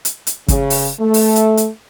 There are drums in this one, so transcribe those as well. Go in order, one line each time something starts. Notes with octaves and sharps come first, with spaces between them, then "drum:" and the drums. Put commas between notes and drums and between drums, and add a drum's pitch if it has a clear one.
drum: hi-hat
drum: hi-hat
C#3, drum: kick, hi-hat
drum: open hi-hat
A3
drum: open hi-hat
drum: hi-hat
drum: hi-hat